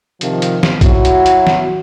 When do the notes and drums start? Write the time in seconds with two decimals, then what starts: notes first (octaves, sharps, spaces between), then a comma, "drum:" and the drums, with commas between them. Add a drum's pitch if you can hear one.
0.21 C3 D#3 F3, drum: hi-hat
0.42 drum: hi-hat
0.63 drum: snare
0.81 F#3 E4 F#4, drum: kick A#1, hi-hat
1.05 drum: hi-hat
1.26 drum: hi-hat
1.47 drum: snare